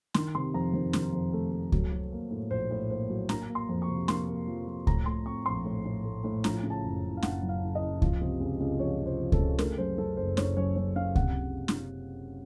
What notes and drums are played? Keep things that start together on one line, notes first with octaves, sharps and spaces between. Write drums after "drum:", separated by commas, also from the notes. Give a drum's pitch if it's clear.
D#3 C6, drum: snare
C3 C6
F2 A#5
D#3 C5
D#3, drum: snare
F2
A3
A3
F#3, drum: kick C#2
F#3
A#3
A2
A#1 C5
A2
A#3 C5
F#3
A#3 A#5, drum: snare
A#3
C6
F2
C#6
C3
A#3 C6, drum: snare
A#3
F3
F3
A2 A#5, drum: kick C#2
A3 C6
C4 C#6
A#1 C6
A2
A2
A3
A2
F3 A#5, drum: snare
C#3
A5
F#1
F#1
F5
F#1 F#5, drum: snare
F#2
F5
F#1
D#5
F#1
F3, drum: kick C#2
C3
C#2
C#2
F3 C#5
C3
C5
F3
A4, drum: kick C#2
C#2
A3 A#4, drum: snare
F#2 C5
F#2 A4
F#1 C5
F#1 C#5, drum: snare
F#2 C#5
F#2 C#5
C#3 F5
C3 F#5, drum: kick C#2
drum: snare